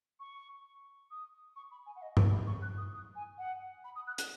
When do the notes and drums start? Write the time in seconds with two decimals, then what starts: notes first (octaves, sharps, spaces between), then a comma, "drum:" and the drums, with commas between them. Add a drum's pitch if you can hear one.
0.20 C#6
1.11 D#6
1.56 C#6
1.71 B5
1.86 G#5
1.96 F#5
2.02 D#5
2.17 C#6, drum: tom G2
2.31 B5
2.46 C#6
2.62 F#6
2.77 D#6
2.92 D#6
3.15 G#5
3.38 F#5
3.84 B5
3.95 D#6
4.07 F#6
4.18 F#6, drum: hi-hat